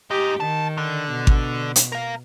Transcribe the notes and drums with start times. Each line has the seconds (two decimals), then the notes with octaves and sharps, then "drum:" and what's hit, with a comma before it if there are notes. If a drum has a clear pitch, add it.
0.11 G#2 G4 D#5
0.40 D#3 A5
0.78 D3
1.11 B2
1.27 drum: kick G#1
1.76 drum: hi-hat
1.92 A#4 F5